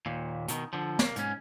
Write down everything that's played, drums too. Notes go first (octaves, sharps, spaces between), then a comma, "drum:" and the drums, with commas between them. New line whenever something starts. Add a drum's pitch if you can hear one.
D#2 A#2
B2 D#3, drum: hi-hat
D3 F3
A#3, drum: snare
G#2 C#4, drum: hi-hat